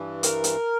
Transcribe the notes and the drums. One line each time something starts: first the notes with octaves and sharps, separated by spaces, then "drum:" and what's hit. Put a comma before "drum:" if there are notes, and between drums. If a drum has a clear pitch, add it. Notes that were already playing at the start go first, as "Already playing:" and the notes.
Already playing: G2 E3
A#4, drum: hi-hat
drum: hi-hat